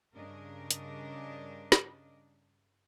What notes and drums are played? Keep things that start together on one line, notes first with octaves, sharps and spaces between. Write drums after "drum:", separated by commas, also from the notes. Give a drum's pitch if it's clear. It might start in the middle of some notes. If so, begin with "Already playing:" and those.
G2 C#3 D4 A#4 D#5
drum: hi-hat
drum: snare